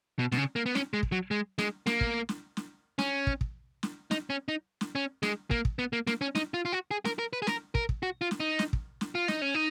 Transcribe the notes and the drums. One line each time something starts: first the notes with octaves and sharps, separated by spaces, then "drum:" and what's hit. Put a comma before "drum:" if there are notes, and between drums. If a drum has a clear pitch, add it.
B2
B2, drum: snare
C#3
A#3
B3
C#4, drum: snare
G#3
drum: kick
F#3
G#3
G#3, drum: snare
A#3, drum: snare
drum: kick
drum: snare
drum: snare
C#4, drum: snare
drum: kick
drum: kick
drum: snare
D#4, drum: snare
C#4
D#4
drum: snare
C#4
G#3, drum: snare
A#3, drum: kick
drum: kick
B3
A#3
A#3, drum: snare
C#4
D#4, drum: snare
F4
F4
F#4
G#4
A#4, drum: snare
A#4
B4
G#4
A#4, drum: snare
A#4, drum: kick
drum: kick
F#4
F4
drum: snare
D#4
drum: snare
drum: kick
drum: snare
F4
D#4, drum: snare
C#4
D#4